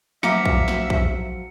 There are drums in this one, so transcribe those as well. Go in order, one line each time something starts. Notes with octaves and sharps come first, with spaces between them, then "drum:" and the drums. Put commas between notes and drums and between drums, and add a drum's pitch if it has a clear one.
F3 F#3 E5 F5 A#5 D6 C#7, drum: snare
drum: kick
drum: snare
drum: kick